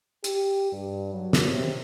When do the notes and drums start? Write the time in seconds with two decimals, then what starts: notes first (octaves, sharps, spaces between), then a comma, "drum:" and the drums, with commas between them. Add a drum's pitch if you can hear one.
0.24 G4, drum: hi-hat
0.72 G2
1.13 F#3
1.33 drum: snare
1.48 C3